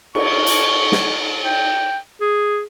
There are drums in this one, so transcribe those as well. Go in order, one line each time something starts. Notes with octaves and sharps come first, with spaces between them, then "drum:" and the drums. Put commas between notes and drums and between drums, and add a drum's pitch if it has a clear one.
C#6, drum: cymbal
drum: hi-hat
drum: snare
G5
G#4